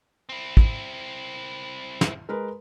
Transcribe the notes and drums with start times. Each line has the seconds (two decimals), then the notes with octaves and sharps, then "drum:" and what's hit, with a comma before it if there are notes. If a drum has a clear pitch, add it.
0.29 C4 E4
0.57 drum: kick
2.01 drum: snare
2.29 G#3 A#4 B4